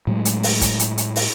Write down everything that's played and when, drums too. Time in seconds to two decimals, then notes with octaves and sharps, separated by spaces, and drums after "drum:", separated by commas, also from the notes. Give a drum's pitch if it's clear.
0.07 A2 F#3 G#3 A3
0.25 drum: hi-hat
0.43 drum: open hi-hat
0.61 drum: kick, hi-hat
0.79 drum: hi-hat
0.98 drum: hi-hat
1.16 drum: open hi-hat